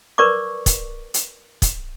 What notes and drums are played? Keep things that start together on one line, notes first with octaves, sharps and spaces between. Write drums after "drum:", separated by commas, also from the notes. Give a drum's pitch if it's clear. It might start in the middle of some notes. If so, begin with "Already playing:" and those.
A#4 B4 D5 C#6 D6
drum: kick, hi-hat
drum: hi-hat
drum: kick, hi-hat